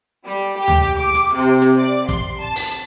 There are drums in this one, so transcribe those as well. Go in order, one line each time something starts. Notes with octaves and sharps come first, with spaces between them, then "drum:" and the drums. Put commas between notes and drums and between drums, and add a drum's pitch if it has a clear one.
G3
G4
drum: tom D2
D6
drum: hi-hat
C3
drum: hi-hat
D5
C6, drum: kick, hi-hat
A5
drum: open hi-hat